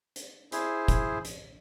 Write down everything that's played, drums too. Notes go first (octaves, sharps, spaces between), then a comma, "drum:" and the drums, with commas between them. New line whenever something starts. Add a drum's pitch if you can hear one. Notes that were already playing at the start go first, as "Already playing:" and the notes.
drum: hi-hat
E4 G#4 C5, drum: hi-hat
drum: kick, hi-hat
drum: hi-hat